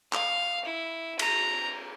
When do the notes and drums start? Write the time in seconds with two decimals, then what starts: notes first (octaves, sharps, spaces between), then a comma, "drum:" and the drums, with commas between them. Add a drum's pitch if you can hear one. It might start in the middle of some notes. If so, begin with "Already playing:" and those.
0.13 F5, drum: clap
0.65 E4
1.19 A#5, drum: cymbal